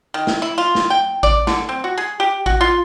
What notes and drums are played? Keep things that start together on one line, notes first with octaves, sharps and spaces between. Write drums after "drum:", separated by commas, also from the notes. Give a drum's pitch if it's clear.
D#3
drum: snare
E4
F4
drum: snare
G5
D5, drum: kick A1
D3, drum: snare
C4
F#4
G#4
G4
F#4, drum: kick A1
F4